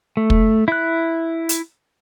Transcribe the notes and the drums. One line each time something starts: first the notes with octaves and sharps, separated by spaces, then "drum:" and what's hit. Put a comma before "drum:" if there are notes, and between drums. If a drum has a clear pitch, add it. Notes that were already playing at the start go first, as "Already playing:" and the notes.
A3
drum: kick
E4 F#6
drum: hi-hat